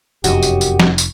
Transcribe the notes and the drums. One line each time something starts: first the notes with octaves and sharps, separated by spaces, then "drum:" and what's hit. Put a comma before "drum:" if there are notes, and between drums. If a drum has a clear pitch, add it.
F1 F#2 F#4 G4 D#5, drum: tambourine
drum: tambourine
drum: tambourine
drum: snare
drum: tambourine